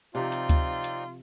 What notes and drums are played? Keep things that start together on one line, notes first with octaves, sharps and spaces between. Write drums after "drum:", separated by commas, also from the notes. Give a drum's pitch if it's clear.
C3 F3 C4 D#4 F4 D5
drum: hi-hat
drum: kick D2, hi-hat
drum: hi-hat